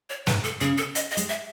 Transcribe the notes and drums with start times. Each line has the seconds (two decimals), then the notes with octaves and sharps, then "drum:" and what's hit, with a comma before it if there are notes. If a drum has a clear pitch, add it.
0.10 C#5
0.27 G#2 B4, drum: snare
0.44 A4
0.61 C#3 G#4
0.78 A4
0.95 D#5, drum: hi-hat
1.11 D#5
1.17 G#3, drum: hi-hat
1.29 E5